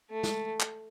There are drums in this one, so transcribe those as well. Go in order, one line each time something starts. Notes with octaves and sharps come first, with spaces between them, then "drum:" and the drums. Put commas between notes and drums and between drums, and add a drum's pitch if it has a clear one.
A3
drum: snare
drum: clap